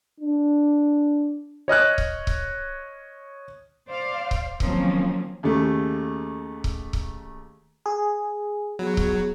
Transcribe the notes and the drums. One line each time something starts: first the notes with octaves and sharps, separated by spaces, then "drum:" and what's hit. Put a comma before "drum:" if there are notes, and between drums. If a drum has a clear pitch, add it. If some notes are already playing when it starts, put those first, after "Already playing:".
D4
C#5 D#5 F6 F#6
drum: kick C#1
drum: kick C#1
C5 D5 F5
drum: kick C#1
D#3 F3 F#3 A#3 C4 C#4, drum: kick C#1
D#2 C#3 A3
drum: kick C#1
drum: kick C#1
G#4
F#3 B3 G#4
drum: kick C#1